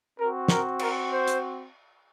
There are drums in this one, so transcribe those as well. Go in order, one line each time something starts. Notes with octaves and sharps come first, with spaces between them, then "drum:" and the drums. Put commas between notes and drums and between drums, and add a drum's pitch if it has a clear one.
C4 F#4 A#4
A#4, drum: snare
A#4, drum: cymbal
C5
drum: hi-hat